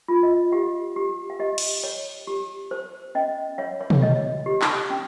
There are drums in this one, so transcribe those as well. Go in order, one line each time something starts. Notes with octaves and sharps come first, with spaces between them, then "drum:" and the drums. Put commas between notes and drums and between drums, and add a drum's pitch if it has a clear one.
F4
D#5
G4 F5
G4
F5
G4 D#5
drum: cymbal
C#5
G4
C5
C#4 D#5
C#5 F5
C#5
drum: tom
C#5 D#5
G4
drum: clap
C#4